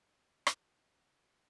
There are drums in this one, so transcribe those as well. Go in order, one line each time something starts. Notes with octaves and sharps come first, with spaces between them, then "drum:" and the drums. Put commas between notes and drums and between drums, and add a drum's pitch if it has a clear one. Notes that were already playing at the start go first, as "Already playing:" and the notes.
Already playing: B2 E4
drum: rim click
A2 F#3 B3 D4